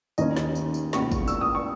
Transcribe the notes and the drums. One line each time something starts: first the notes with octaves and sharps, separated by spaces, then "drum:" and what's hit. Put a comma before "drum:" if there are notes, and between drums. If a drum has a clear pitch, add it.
D#2 D#3 A#3 C#4 D#5, drum: tambourine
drum: snare
drum: tambourine
drum: tambourine
C#2 B2 A#3 C#4 C#6, drum: snare
drum: kick, tambourine
E6, drum: tambourine
D#6
C#6